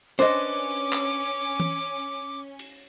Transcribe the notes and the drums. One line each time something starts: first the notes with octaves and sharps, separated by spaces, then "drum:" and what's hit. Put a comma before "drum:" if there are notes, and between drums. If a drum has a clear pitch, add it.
C#4 D4 B4 C5 D#5 D6, drum: snare
drum: clap
drum: tom E3
drum: cymbal